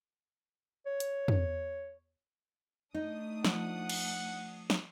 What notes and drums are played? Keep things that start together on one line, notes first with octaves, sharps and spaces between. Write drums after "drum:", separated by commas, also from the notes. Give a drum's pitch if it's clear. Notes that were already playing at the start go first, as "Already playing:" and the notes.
C#5
drum: hi-hat
drum: tom
A3 D4 D#4 D#6
F3 F#5, drum: snare
drum: cymbal
drum: snare